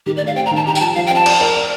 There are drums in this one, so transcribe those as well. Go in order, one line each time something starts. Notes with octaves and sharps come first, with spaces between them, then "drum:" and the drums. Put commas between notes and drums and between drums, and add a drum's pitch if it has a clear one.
D#3 G4
D5
A3
F5
C4 G5
A#5
D#3 A5
G4 A#5
G5, drum: tambourine
F3 A5
F3 F5
G5
C4 A5
D5, drum: cymbal
A#4
D5